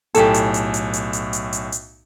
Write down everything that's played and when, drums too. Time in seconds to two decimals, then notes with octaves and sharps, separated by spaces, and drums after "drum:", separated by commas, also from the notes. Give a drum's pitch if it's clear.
0.15 B1 A2 G4 A4 G#5, drum: hi-hat
0.34 drum: hi-hat
0.54 drum: hi-hat
0.74 drum: hi-hat
0.93 drum: hi-hat
1.13 drum: hi-hat
1.33 drum: hi-hat
1.53 drum: hi-hat
1.72 drum: hi-hat